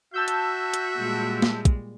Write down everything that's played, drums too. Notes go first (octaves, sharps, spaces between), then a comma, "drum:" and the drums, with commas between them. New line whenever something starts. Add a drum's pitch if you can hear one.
F#4 E5 A5 E6 G6
drum: hi-hat
drum: hi-hat
A#2 G3 G#3
drum: snare
drum: kick, hi-hat